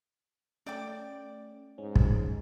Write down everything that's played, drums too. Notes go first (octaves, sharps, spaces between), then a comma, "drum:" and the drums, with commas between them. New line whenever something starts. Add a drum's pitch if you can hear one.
A3 C#4 D5 G5 D6
G#2 C#4
drum: kick